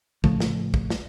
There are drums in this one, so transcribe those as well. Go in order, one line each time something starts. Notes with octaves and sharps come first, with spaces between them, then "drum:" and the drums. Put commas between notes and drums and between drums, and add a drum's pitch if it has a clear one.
A2 C#3 F3 A3, drum: kick
drum: snare
drum: kick
drum: snare